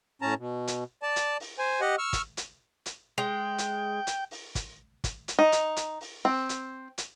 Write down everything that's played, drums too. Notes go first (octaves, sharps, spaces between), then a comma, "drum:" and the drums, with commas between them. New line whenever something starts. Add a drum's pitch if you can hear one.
A2 C#4 A5 A#5
B2
drum: hi-hat
D5 A5
drum: hi-hat
drum: open hi-hat
C5 G#5
G4 D#5 F#5
C#6 E6 F6
drum: kick, hi-hat
drum: hi-hat
drum: hi-hat
G#3 G5
drum: hi-hat
drum: hi-hat
drum: open hi-hat
drum: kick, hi-hat
drum: kick, hi-hat
drum: hi-hat
D#4
drum: hi-hat
drum: hi-hat
drum: open hi-hat
C4
drum: hi-hat
drum: hi-hat